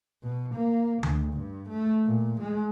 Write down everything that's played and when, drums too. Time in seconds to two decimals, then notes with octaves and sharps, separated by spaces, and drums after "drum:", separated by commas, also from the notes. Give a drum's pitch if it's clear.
0.23 B2
0.54 A#3
1.03 D2, drum: tom D3
1.33 G2
1.69 A3
2.05 A#2
2.40 G#3